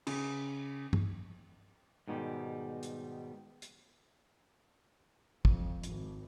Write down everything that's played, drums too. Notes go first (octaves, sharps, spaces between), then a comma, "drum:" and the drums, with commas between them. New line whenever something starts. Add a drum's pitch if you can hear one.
C#3, drum: cymbal
drum: tom
G#2 B2 D#3 G3
drum: hi-hat
drum: hi-hat
F2, drum: kick
G#1, drum: hi-hat